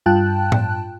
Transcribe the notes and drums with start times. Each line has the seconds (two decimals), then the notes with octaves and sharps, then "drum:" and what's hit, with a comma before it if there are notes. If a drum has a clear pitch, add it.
0.06 G2 F4 G5 A5 F#6
0.52 drum: tom A2